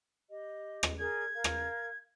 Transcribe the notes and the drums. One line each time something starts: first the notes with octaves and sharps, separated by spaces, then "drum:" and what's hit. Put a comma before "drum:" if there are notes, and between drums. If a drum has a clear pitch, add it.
G4 D#5
drum: rim click
G#4 A#4 D5 G#6
A#4 F5
drum: rim click